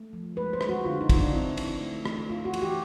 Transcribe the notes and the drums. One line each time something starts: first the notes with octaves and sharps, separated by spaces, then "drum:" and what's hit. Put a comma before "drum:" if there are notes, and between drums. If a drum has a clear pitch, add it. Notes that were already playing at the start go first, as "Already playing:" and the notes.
Already playing: A3
F3
G#3 B4
C5
G#3, drum: rim click
F#4
D3 F4
D#4
D3, drum: kick, cymbal
D4
C4 E4
C4, drum: cymbal
A3
A3, drum: rim click
A3 F4
F#4
E3, drum: cymbal
G4